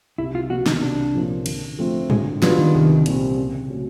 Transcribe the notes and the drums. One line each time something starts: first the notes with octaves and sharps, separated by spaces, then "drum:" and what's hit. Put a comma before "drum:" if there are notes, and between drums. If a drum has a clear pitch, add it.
C2 E4
F4
B2 F#3 A#3 F#4
D#4, drum: snare
C2 D4
A#2 F3 A#3 C#4
D3, drum: cymbal
F3 A3 C4 F4
D3 G#3, drum: tom G#2
F#3 G3 B3 D4 F4, drum: snare
D#3
C2
A#2 G3 C4, drum: hi-hat
C#3
F#3 A3 C#4